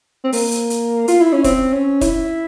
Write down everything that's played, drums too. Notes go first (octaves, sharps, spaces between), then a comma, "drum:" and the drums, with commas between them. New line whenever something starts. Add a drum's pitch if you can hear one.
C4
A#3, drum: open hi-hat
drum: hi-hat
drum: hi-hat
F4, drum: hi-hat
E4
C#4
C4, drum: kick, hi-hat
C#4
E4, drum: kick, hi-hat